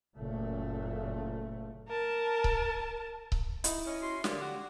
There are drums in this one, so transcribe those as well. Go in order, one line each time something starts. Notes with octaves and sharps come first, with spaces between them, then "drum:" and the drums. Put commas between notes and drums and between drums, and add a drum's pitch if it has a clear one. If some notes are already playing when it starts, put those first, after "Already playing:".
F#1 A#2 A3
A#4 A5
drum: kick C#1
drum: kick C#1
D#4 E4, drum: hi-hat
C#4 D#5
F#4 C6
A#2 D3 G4 D5, drum: snare
F#4